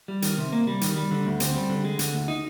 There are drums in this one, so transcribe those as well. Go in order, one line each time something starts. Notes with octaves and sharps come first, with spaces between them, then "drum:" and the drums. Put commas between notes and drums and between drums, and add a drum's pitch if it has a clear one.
G3
D#3, drum: hi-hat
C3
A#3
G3
D#3, drum: hi-hat
G3
D3
D2
C4, drum: hi-hat
G3
D3
G#3
D3, drum: hi-hat
D2
D#4